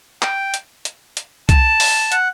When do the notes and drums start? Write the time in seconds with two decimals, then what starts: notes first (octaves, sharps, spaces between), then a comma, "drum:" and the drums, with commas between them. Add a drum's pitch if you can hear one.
0.22 G5, drum: clap
0.54 drum: hi-hat
0.85 drum: hi-hat
1.17 drum: hi-hat
1.49 A5, drum: kick, hi-hat
1.80 drum: open hi-hat
2.12 F#5, drum: hi-hat